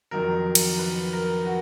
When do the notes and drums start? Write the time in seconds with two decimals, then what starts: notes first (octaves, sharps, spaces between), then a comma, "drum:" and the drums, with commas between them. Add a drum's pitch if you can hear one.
0.11 F2 D#3 F#3 A#4
0.55 drum: cymbal
0.79 B4
1.13 A#4
1.46 F#4